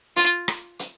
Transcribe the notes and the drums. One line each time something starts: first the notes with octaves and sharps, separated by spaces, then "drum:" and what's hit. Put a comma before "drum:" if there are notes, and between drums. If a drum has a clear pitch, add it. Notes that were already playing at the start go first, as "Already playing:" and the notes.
F4, drum: hi-hat
drum: rim click
drum: hi-hat